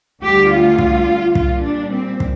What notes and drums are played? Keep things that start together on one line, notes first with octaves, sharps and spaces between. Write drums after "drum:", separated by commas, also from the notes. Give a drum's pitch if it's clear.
D2 D3 G3 G4
F4
drum: kick
A#2 G3 F4, drum: kick
D4
C4
drum: kick